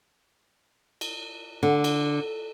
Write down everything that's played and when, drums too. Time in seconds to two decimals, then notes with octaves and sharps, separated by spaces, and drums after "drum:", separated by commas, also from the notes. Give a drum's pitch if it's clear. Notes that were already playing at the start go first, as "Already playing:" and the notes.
1.01 drum: cymbal
1.63 D3
1.84 drum: cymbal